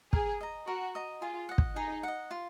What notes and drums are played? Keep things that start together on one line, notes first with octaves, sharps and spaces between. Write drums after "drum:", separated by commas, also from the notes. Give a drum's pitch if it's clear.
G#4 A#4, drum: kick
D#5 A#5
F#4 A#4
D#5 A#5
F4 G#4
D#5 F#5
drum: kick
D#4 G#4
D#5 F#5
F4